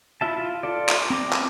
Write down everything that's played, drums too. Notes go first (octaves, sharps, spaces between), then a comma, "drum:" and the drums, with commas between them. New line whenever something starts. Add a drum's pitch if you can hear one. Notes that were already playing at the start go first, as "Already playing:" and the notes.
E4 F4 E5 A5
F4
F4 A4 D5
drum: clap
C4 A#5 D6
drum: clap